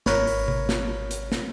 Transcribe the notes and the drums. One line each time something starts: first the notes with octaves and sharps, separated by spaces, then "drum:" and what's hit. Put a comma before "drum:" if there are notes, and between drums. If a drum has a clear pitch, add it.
G#1 A#4 B4 C#5, drum: snare
drum: open hi-hat
drum: tom C3
drum: snare
drum: hi-hat
drum: snare